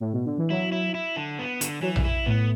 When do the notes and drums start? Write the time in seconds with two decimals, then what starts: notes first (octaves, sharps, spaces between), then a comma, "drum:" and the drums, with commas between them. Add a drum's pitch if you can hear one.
0.00 A2
0.13 B2
0.25 D3
0.38 E3
0.50 F#3 E4
0.72 E4
0.95 E4
1.16 D3
1.39 B3
1.61 D3, drum: hi-hat
1.82 E3 F#3
1.96 drum: tom A#1
2.05 E4
2.26 A2 B3